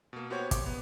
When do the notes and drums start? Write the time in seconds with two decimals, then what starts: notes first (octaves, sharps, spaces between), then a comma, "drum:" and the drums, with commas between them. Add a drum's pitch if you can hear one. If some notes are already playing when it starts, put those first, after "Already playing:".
0.13 B2 A#3
0.30 B3 F#4 G4 C5 C#5
0.51 D6, drum: kick, hi-hat
0.66 B3